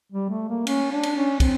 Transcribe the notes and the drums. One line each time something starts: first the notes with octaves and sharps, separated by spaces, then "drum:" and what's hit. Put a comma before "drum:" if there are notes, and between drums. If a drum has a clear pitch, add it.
G3
A3
A#3
C#4, drum: cymbal
D4
drum: cymbal
C#4
C4, drum: kick, cymbal